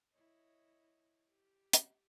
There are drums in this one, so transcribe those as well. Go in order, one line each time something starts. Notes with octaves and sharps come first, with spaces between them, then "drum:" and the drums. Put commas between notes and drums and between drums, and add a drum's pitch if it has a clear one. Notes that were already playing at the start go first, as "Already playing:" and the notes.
E4 C#5 D#5
G4
drum: hi-hat